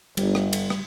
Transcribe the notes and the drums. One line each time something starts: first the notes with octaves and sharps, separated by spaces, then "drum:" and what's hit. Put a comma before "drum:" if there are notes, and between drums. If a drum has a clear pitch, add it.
G1 G3, drum: cymbal
drum: rim click
drum: cymbal
drum: rim click